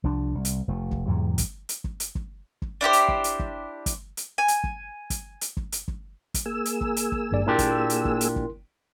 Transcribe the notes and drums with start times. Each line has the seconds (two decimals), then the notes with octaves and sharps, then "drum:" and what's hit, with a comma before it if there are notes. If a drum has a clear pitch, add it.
0.04 C2 F3 D4
0.35 C2
0.45 drum: hi-hat
0.68 F1 A3
0.91 drum: kick
1.07 E2 G#2 C3 F#3
1.38 drum: kick, hi-hat
1.69 drum: hi-hat
1.84 drum: kick
2.00 drum: hi-hat
2.15 drum: kick
2.62 drum: kick
2.81 D4 E4 G4 C5
2.93 drum: hi-hat
3.09 drum: kick
3.24 drum: hi-hat
3.40 drum: kick
3.86 drum: kick, hi-hat
4.17 drum: hi-hat
4.38 G#5
4.48 drum: hi-hat
4.64 drum: kick
5.10 drum: kick, hi-hat
5.41 drum: hi-hat
5.57 drum: kick
5.72 drum: hi-hat
5.88 drum: kick
6.34 drum: kick, hi-hat
6.46 A#3 G#4 E6
6.65 drum: hi-hat
6.81 drum: kick
6.97 drum: hi-hat
7.12 drum: kick
7.31 G#1 G2 D5
7.47 A#2 D4 E4 G4 A#4 C6
7.59 drum: kick, hi-hat
7.90 drum: hi-hat
8.05 drum: kick
8.21 drum: hi-hat
8.36 drum: kick